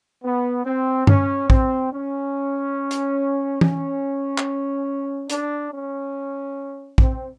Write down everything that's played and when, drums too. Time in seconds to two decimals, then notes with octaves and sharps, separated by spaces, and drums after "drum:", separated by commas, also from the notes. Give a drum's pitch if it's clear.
0.24 B3
0.66 C4
1.07 C#4, drum: tom G2
1.50 C4, drum: kick
1.92 C#4
2.91 drum: hi-hat
3.61 C#4, drum: tom
4.38 drum: clap
5.30 D4, drum: hi-hat
5.71 C#4
6.98 C4, drum: kick